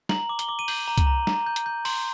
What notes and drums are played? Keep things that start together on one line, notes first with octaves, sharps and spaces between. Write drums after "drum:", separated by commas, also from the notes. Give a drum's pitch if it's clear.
A#5 F#7, drum: snare
D6
G7, drum: hi-hat
D6
D#7
G6 F#7, drum: open hi-hat
A#5
drum: kick C2, hi-hat
A#5
A#5, drum: snare
G6
drum: hi-hat
G6
C6, drum: open hi-hat